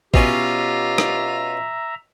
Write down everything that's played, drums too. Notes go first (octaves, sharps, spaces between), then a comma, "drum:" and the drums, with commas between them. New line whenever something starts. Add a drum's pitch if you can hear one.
B2 C#4 F4 G4 E5 A#5, drum: kick G#1
drum: rim click